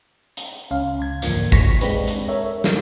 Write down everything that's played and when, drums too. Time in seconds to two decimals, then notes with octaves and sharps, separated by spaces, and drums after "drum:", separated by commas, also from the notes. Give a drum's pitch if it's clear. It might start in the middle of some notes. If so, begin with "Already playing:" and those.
0.37 drum: hi-hat
0.71 C#2 C#4 F5
0.99 C#2 G#6
1.22 E2 G#2 D3 F3 A#3, drum: hi-hat
1.52 A1 C#6 A#6 B6, drum: kick
1.81 G#3 C4 D4 G4 B4, drum: hi-hat
2.07 drum: hi-hat
2.28 A4 A#4 C#5 E5
2.64 drum: snare